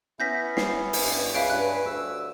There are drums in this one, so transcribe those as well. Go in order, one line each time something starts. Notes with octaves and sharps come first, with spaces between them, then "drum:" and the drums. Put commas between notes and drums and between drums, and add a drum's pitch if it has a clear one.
B3 C#4 E4 G6 A#6 B6
C7, drum: snare
drum: open hi-hat
G2
C#2 B4 C#5 E5 F5 G#5 D7
G2 F#6
D2 E6